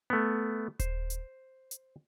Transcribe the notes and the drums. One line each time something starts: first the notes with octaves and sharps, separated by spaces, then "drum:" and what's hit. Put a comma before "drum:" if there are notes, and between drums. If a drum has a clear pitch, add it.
A3 B3
C5, drum: kick D#1, hi-hat
drum: hi-hat
drum: hi-hat